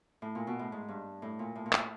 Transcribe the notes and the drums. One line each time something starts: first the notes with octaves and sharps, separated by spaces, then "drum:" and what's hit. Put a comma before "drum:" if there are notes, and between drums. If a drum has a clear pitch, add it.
A2
A#2
B2
A2
G#2
G2
A2
A#2
A2
A#2
A2, drum: clap